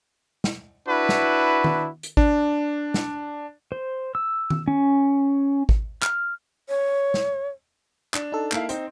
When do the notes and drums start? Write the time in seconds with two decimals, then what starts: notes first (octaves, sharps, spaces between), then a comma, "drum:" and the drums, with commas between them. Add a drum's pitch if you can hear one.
0.44 drum: snare
0.88 D4 E4 F#4 B4
1.09 drum: snare
1.64 drum: tom D#3
2.03 drum: hi-hat
2.17 D4, drum: kick G#1
2.94 drum: snare
3.72 C5
4.15 E6
4.50 drum: tom D#3
4.68 C#4
5.69 drum: kick G#1
6.02 F6, drum: clap
6.69 C#5
7.14 drum: snare
8.14 D4, drum: clap
8.32 D#4 A4
8.52 A#3 E4 F5, drum: clap
8.69 C4 D#4, drum: hi-hat